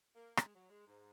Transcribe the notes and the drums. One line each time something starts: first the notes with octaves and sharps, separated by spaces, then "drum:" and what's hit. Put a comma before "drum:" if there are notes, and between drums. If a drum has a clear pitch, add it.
A#3
G#3, drum: rim click
F#3
G#3
G#2